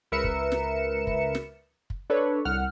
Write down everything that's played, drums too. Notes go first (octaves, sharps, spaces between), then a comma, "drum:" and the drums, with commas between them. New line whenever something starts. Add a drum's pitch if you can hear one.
C#2 A#4 B4 E5 C#7 E7
drum: kick
drum: snare
drum: kick
drum: snare
drum: kick
D4 A4 B4 C#5
C2 F#5 F6